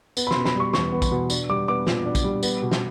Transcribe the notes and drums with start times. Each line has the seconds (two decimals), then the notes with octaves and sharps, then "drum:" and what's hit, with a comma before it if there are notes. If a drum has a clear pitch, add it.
0.17 B3, drum: tambourine
0.27 B5
0.31 C6, drum: snare
0.36 B2
0.45 B5, drum: snare
0.55 G3 C#6
0.73 E2 C#6, drum: snare
0.92 B3
1.02 drum: kick, tambourine
1.12 B2
1.30 D4, drum: tambourine
1.49 G3 D6
1.68 B3 D6
1.87 A#2, drum: snare
2.06 D4
2.15 drum: kick, tambourine
2.24 G3
2.43 B3, drum: tambourine
2.62 B2
2.71 drum: snare